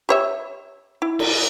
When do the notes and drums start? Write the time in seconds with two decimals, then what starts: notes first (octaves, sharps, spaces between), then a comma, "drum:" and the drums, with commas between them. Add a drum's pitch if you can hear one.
0.09 G4 C#5 E5
1.02 E4
1.19 drum: cymbal